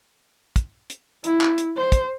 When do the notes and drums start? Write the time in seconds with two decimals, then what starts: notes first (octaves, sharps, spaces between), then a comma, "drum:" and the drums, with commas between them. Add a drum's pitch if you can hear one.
0.56 drum: kick, hi-hat
0.90 drum: hi-hat
1.24 E4, drum: hi-hat
1.41 drum: clap
1.58 drum: hi-hat
1.77 C5
1.92 drum: kick, hi-hat